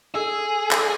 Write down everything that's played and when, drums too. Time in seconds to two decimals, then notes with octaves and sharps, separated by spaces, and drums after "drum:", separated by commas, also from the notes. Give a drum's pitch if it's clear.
0.15 G#4 A4
0.71 drum: clap